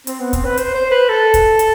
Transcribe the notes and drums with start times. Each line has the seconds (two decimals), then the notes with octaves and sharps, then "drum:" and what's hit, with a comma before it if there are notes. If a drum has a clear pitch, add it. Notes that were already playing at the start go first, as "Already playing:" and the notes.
0.07 C4, drum: hi-hat
0.19 B3
0.33 C4, drum: kick, hi-hat
0.45 B4
0.57 C5, drum: hi-hat
0.74 C5
0.91 B4
1.09 A4
1.34 drum: kick, hi-hat
1.59 drum: hi-hat